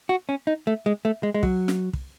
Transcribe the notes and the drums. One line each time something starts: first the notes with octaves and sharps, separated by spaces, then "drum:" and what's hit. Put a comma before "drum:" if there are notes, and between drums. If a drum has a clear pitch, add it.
F#4
C#4
D#4
A3
G#3
A3
G#3
G#3
F#3, drum: kick
drum: snare
drum: kick